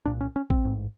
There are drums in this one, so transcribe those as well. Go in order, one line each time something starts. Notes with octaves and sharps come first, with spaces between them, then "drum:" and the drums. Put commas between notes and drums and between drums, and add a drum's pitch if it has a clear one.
C2 A#2 D4
C#4
C#4
C4, drum: kick A1
A1 G#2